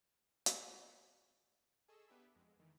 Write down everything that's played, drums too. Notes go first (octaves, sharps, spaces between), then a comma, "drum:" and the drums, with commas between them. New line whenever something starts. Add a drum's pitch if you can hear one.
drum: hi-hat
G#4 A4 D#5 C#6 E6
B3 D4 G4 B4 E5
F2 G#3
D#3 E3